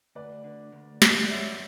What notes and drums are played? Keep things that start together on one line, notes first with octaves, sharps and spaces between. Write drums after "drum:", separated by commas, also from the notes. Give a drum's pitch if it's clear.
D2 B4 D5
D3
D2
D2, drum: snare
D5
F#2 C#5 E5